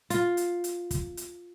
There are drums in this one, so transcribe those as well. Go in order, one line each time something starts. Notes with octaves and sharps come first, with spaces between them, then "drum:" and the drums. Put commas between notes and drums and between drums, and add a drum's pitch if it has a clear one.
F4, drum: hi-hat
drum: hi-hat
drum: hi-hat
drum: kick, hi-hat
drum: hi-hat